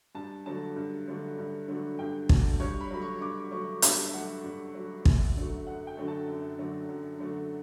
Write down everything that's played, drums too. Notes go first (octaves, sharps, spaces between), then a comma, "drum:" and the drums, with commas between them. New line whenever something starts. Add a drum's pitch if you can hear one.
G2 A5
D3 F#3 A3 A5
G2
D3 F#3 A3
G2
D3 F#3 A3
G2 G5
D3 F#3 A3 A5, drum: kick
G2 C#5
B5
F#3 A3 B5
C#6
G2 D6
F#3 A3 C#6
G2 A5, drum: hi-hat
E5
F#3 A3 F#5
G2
F#3 A3
F#2, drum: kick
D3 F#3 A3
F#2 F#5
G5
D3 F#3 A3
A5
F#2
D3 F#3 A3
F#2
D3 F#3 A3